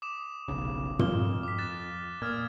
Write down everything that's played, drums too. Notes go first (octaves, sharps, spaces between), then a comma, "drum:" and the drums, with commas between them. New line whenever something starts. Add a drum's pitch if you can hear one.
D6 D#6 E7
F1 B1 C#3
F2 F6 G7, drum: tom
D6 B6
F#6 A6 E7
A#2 D#6 F6 G#6